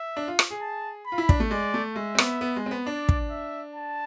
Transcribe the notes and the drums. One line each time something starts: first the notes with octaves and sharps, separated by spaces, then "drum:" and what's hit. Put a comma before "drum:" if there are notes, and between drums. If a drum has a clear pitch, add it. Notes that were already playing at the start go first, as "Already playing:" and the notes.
Already playing: E5
D4
F4
drum: rim click
G#4
A5
B5
F4
E4
D4, drum: kick
A3
G#3 D5
A3
G#3 E5
C4
B3, drum: rim click
B3
G#3
C4
B3
D4 D5
drum: kick
E5
A5